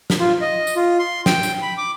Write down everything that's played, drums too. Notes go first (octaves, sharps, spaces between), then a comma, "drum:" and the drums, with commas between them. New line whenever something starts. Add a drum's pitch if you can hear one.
drum: snare
F4
D#5
drum: tambourine
F4
C6
G5, drum: snare
drum: tambourine
B5
D6